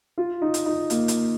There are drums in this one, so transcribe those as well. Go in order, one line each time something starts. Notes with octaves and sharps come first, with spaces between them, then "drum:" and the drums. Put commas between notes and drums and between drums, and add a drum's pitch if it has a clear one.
F4
D#4
drum: hi-hat
D#4
A#3, drum: hi-hat
drum: hi-hat